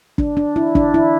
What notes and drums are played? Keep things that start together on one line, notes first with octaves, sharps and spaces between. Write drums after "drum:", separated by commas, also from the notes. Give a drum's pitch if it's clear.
D4, drum: kick
D4
E4
D4, drum: kick
E4